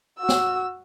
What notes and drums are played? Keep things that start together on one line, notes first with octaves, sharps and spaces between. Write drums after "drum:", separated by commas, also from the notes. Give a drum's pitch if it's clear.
F#4 E6
drum: snare